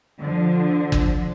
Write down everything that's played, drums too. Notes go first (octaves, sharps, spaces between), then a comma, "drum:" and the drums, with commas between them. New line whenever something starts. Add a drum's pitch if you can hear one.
D3 F3
drum: kick G1